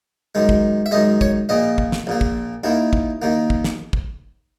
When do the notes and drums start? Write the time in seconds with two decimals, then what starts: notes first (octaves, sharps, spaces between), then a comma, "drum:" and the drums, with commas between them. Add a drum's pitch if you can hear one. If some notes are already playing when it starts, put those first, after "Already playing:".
0.35 F#2 D#3 G#3
0.49 drum: kick
0.86 E5
0.91 F#2 D#3 G#3 D#5
1.21 C#5, drum: kick
1.49 A#1 A#2 A#3 D#5
1.78 drum: kick
1.92 drum: snare
2.07 A#1 A#2 A#3
2.21 drum: kick
2.64 D#2 D#3 A#3 E4
2.93 drum: kick
3.22 D#2 D#3 A#3
3.50 drum: kick
3.64 drum: snare
3.93 drum: kick